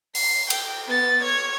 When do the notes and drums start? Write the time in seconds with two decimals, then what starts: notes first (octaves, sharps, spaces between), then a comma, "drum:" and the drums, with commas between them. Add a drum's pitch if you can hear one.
0.15 C7, drum: open hi-hat
0.50 G5, drum: cymbal
0.87 B3 A6
1.23 C#5 G#6